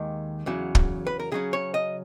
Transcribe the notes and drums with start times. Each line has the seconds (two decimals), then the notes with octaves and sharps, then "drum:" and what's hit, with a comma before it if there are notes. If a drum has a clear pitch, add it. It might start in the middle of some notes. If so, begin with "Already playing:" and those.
Already playing: D#2 D#3 G#3
0.46 E2 C#3 F#3
0.75 drum: kick
1.07 B4
1.20 A#4
1.32 C#3 F#3 C#4 G#4
1.53 C#5
1.74 D#5